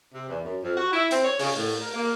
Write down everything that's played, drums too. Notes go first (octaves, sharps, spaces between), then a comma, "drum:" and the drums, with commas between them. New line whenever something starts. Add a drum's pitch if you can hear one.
C3
E2
F#2
F2
F#4
E4
C4, drum: hi-hat
C#5
C#3, drum: open hi-hat
A2
A#4
A#3